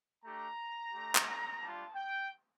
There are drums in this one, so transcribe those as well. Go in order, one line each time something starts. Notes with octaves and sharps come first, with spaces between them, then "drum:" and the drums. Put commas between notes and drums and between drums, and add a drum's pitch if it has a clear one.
A3 D4 G4 A#5
A3 D4 G4
drum: clap
G3 D4 F4 A5
G5